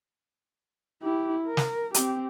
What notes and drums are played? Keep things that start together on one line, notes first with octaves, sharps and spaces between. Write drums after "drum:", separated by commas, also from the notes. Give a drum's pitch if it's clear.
E4 G4
A#4
drum: snare
C4 G4, drum: hi-hat